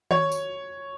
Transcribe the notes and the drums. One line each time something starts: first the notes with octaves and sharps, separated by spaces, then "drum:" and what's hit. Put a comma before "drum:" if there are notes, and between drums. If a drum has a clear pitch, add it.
C#5, drum: tom D#3
drum: tambourine